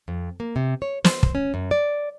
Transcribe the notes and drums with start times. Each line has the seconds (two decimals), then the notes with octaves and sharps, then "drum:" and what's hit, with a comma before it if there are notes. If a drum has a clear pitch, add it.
0.08 F2
0.40 A#3
0.56 C3
0.82 C#5
1.04 C5, drum: snare
1.23 drum: kick
1.35 C#4
1.54 F#2
1.71 D5